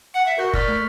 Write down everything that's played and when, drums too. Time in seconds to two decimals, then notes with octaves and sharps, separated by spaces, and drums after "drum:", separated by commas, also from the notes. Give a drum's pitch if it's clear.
0.14 F#5 C#7
0.26 E5
0.38 F#4 A#4 G6
0.54 D5 C#6 F6 B6, drum: kick
0.68 A3 A#3